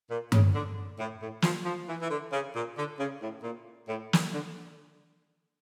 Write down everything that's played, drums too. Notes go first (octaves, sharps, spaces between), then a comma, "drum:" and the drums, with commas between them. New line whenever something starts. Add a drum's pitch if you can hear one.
A#2
C#3, drum: tom G2
D3
A2
A2
F3, drum: snare
F3
E3
E3
D3
C#3
A#2
D3
C#3
A2
A#2
A2
drum: snare
D3